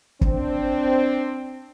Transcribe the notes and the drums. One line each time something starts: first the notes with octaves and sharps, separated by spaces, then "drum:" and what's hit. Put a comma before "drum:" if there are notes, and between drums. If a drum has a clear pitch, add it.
C4 D4, drum: kick